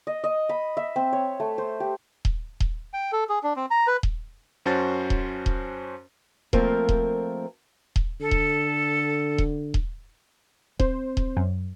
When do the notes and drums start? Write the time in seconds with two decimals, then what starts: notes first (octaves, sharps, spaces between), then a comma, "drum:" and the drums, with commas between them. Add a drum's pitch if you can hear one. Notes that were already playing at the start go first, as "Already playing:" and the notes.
0.07 D#5
0.24 D#5
0.49 B5
0.77 E5
0.96 C4
1.13 C#5
1.40 A3
1.58 C5
1.80 G4
2.25 drum: kick D#1
2.60 drum: kick D#1
2.93 G5
3.12 A4
3.29 G#4
3.43 D4
3.56 C4
3.71 A#5
3.87 B4
4.03 drum: kick D#1
4.66 F#2 C#4 F#4 C5 A5 A6
5.10 drum: kick D#1
5.46 drum: kick D#1
6.53 F3 A3 A#3 C4 A#4, drum: kick D#1
6.89 drum: kick D#1
7.96 drum: kick D#1
8.20 D3 A4
8.31 drum: kick D#1
9.38 drum: kick D#1
9.74 drum: kick D#1
10.80 C4 C5, drum: kick D#1
11.17 drum: kick D#1
11.37 F#2